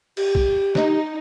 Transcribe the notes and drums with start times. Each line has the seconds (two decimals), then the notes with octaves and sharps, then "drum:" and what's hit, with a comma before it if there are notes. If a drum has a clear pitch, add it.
0.17 G4, drum: cymbal
0.35 drum: kick
0.75 D#4, drum: snare